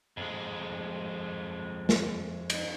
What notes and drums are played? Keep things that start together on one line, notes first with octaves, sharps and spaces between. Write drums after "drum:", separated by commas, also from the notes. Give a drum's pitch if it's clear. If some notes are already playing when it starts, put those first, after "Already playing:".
F2 G#3
drum: snare
drum: cymbal